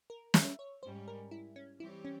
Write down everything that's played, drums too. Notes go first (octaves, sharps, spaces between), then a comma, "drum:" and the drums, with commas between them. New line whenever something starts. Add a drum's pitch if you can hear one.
A#4
E5, drum: snare
C#5
G#2 G3 C#4 C5
A#4
E4
C#4
E3 G3 C4 E4 G4 C#5
C#4